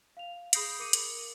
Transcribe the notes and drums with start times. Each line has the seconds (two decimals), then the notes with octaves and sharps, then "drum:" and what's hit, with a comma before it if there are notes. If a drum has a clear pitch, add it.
0.17 F5 F7
0.53 G#4 B5 D#6 G6 A#6 C7, drum: hi-hat
0.79 A#4 D6 C#7 D#7
0.93 drum: hi-hat